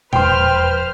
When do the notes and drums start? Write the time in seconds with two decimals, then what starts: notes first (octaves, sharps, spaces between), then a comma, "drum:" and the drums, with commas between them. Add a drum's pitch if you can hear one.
0.13 E1 F2 B4 C5 G5 C6 F6, drum: tom A#2